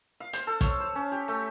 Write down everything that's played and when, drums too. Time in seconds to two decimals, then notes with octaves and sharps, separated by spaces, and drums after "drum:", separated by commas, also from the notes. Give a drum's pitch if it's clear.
0.20 F5
0.33 C5, drum: hi-hat
0.47 A4
0.61 C#5, drum: kick, hi-hat
0.80 C5
0.95 C#4
1.12 G4
1.28 A3